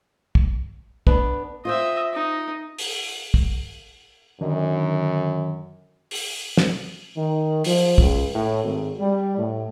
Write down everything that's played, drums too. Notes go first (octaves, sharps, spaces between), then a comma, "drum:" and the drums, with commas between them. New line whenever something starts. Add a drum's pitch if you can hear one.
drum: kick
B3 D4 B4, drum: kick
F4 C5 D#5 E5 G5
D#4
drum: open hi-hat
drum: kick
F#2 D3 D#3
drum: open hi-hat
drum: snare
D#3
F3, drum: open hi-hat
C#2, drum: kick
A2
G#1
G3
A2